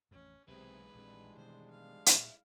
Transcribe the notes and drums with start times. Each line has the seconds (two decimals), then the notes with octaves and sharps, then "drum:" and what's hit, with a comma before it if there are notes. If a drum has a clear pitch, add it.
0.11 A1 F2 C#4
0.48 B1 G#2 C3 E3 G#4 B4
0.95 A#1 G3 G#3 C4 D4
1.37 B2 D#3 C5
1.70 F5
2.06 A#2 E4, drum: hi-hat